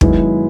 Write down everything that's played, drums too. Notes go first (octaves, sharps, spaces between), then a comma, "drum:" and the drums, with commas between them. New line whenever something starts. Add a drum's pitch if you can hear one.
F#2 D#3 G#3 B3 E4, drum: kick